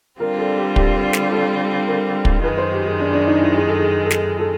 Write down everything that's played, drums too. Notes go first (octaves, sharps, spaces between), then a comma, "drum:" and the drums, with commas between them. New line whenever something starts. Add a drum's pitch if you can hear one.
D3 G3 C4 F4 A#4
A4
G4
G4, drum: kick
drum: snare
A4
A#4
drum: kick
F#2 D#3 G#3 B4
C5
G4
G#4
D4
D4
D#4
E4
G#4
A4
G#4
A4
G#4, drum: snare
A4